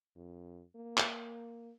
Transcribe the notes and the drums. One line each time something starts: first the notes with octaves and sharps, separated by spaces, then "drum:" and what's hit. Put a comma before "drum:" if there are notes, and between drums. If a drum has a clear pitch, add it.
F2
A#3
drum: clap